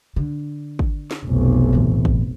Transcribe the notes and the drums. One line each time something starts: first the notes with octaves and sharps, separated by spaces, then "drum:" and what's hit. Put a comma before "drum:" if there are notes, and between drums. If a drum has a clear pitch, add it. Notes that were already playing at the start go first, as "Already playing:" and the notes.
D3
drum: kick
drum: snare
F1 B1
A2 E3
drum: kick